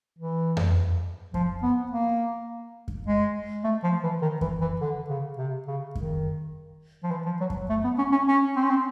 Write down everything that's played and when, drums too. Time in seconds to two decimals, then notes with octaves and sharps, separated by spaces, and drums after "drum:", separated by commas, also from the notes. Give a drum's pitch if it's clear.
0.19 E3
0.57 drum: tom F2
1.34 F3, drum: kick F#2
1.63 B3
1.91 A#3
2.88 drum: kick F#2
3.07 G#3
3.64 A3
3.83 F3
4.03 E3
4.22 D#3
4.41 E3, drum: kick F#2
4.61 E3
4.81 D3
5.10 C#3
5.38 C3
5.67 C#3
5.95 D#3, drum: kick F#2
7.04 F3
7.11 E3
7.26 F3
7.41 F#3
7.50 drum: kick F#2
7.70 A3
7.84 B3
7.98 C#4
8.12 C#4
8.28 C#4
8.56 C4
8.63 C#4
8.70 C4